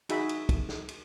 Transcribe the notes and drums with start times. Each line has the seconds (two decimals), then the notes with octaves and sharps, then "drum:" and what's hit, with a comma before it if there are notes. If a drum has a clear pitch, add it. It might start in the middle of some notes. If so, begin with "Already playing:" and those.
0.09 D#4 F#4 G#4 E5 B5, drum: cymbal
0.29 drum: cymbal
0.49 drum: kick, cymbal
0.69 drum: snare
0.88 drum: cymbal